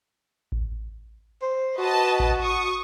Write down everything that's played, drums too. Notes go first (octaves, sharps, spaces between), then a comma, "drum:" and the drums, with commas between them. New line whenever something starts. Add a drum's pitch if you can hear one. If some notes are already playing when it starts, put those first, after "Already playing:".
drum: kick A1
C5
F#4 B4 D#5 A5
drum: kick A1
C#6 D#6